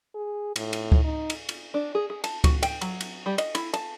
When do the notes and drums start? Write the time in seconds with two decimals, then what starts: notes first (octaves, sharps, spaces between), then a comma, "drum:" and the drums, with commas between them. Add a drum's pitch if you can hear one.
0.15 G#4
0.56 A2, drum: cymbal
0.73 drum: cymbal
0.92 drum: kick C#2
1.04 D#4
1.30 drum: cymbal
1.49 drum: cymbal
1.74 D4
1.95 G#4
2.10 G#4
2.24 A5, drum: cymbal
2.44 F#4, drum: kick C#2, cymbal
2.63 G5, drum: cymbal
2.81 F#3, drum: cymbal
3.01 drum: cymbal
3.26 G3
3.38 D#5, drum: cymbal
3.55 E4, drum: cymbal
3.74 A5, drum: cymbal